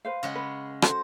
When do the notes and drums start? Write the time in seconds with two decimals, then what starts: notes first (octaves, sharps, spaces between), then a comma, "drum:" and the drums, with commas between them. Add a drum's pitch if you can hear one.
0.05 B4 C5 F5
0.23 C#3 G#3 F#5
0.35 B4
0.82 F#4 A4 C5, drum: rim click